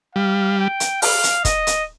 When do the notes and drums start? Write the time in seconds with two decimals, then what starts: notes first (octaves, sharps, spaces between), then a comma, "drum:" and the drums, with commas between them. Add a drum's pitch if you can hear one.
0.16 G3 F5
0.59 G5
0.80 drum: hi-hat
1.02 F5, drum: open hi-hat
1.23 drum: hi-hat
1.45 D#5, drum: kick, hi-hat
1.67 drum: hi-hat